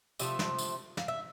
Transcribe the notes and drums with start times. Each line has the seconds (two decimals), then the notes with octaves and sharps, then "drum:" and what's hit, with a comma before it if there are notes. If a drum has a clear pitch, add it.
0.19 C3 F3 A3 E5, drum: tambourine
0.39 drum: snare
0.58 drum: tambourine
0.97 F5, drum: snare
1.08 E5